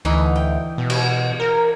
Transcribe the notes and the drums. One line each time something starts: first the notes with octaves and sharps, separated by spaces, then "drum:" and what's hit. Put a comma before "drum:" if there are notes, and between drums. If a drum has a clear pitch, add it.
D2 E3 D#4
G5
B2
drum: cymbal
A#4